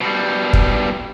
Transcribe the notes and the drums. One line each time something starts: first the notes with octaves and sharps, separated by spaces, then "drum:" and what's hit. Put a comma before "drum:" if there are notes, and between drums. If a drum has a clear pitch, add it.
B2 G3
drum: kick